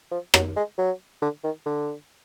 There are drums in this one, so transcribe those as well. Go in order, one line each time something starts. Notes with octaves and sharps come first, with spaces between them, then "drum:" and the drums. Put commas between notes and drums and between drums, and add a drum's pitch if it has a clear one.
F3
F#3, drum: rim click
G#3
F#3
D3
D#3
D3